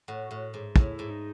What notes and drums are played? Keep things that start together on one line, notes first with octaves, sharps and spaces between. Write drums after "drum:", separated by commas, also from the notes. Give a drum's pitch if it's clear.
A2 F#4
A2
G#2
A2 E4, drum: kick
G#2
D#4